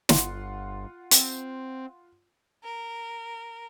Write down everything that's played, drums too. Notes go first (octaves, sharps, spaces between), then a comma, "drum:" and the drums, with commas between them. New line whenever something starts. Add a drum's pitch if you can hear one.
G1 F4 F#5 C6, drum: snare
C4, drum: hi-hat
A#4